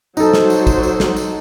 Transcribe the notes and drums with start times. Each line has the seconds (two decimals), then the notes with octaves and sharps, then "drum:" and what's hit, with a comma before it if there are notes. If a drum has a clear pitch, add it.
0.17 F#3 D#4 A4 C5, drum: tambourine
0.34 drum: snare
0.50 drum: tambourine
0.67 drum: kick, tambourine
0.83 drum: tambourine
1.00 drum: snare
1.17 drum: tambourine